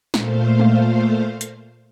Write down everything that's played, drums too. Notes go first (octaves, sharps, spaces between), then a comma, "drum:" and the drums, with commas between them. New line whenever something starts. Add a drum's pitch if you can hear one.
A#2 A3 C5 F5, drum: snare
drum: tom G3
drum: hi-hat